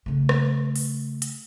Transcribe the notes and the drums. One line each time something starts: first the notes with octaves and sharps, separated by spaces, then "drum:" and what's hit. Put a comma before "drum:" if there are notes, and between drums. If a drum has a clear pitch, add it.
C#3 A3
drum: rim click
drum: open hi-hat
drum: hi-hat